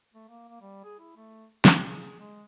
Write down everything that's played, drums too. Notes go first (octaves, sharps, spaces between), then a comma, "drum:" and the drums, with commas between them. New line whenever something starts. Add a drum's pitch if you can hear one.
A3
A#3
A#3
G3
G#4
E4
A3
G4, drum: snare
G#4
G#3